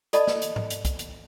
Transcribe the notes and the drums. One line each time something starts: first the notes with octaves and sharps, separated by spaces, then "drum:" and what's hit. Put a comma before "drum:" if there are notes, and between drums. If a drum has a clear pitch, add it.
A4 D5 D#5 A5 B5, drum: hi-hat
drum: snare
drum: hi-hat
drum: tom G#2
drum: hi-hat
drum: kick, hi-hat
drum: hi-hat